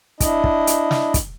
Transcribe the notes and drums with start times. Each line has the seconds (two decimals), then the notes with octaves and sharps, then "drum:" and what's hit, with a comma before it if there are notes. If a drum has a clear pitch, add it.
0.20 D4 E4 D#5, drum: kick, hi-hat
0.44 drum: kick
0.67 drum: hi-hat
0.91 drum: snare
1.14 drum: kick, hi-hat